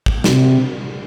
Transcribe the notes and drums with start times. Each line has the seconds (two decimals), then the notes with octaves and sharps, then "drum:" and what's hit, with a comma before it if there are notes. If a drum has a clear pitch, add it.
0.06 drum: kick
0.24 C3, drum: snare